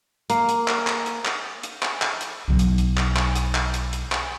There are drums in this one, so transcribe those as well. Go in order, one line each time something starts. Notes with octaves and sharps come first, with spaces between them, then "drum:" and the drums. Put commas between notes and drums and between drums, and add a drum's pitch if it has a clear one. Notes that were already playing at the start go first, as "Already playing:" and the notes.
A#3, drum: hi-hat
drum: hi-hat
drum: clap
drum: clap
drum: hi-hat
drum: clap
drum: hi-hat
drum: clap
drum: clap
drum: hi-hat
B1 D#3
drum: hi-hat
drum: hi-hat
drum: clap
drum: clap
drum: hi-hat
drum: clap
drum: hi-hat
drum: hi-hat
drum: clap